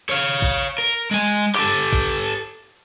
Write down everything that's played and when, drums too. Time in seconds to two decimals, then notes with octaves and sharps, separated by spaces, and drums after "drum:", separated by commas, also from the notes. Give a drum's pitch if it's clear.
0.10 C#5 F5
0.42 drum: kick A#1
0.78 A#4
1.11 G#3 G#5
1.55 G4 A4, drum: clap
1.93 drum: kick A#1